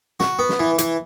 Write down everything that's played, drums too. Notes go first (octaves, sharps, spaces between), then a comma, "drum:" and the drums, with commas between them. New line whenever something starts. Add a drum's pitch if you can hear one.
F#4, drum: snare
B3
drum: snare
E3
E3, drum: hi-hat